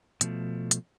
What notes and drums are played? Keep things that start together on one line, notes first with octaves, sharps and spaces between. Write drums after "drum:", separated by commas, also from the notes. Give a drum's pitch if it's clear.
B2 F3 A3, drum: hi-hat
drum: hi-hat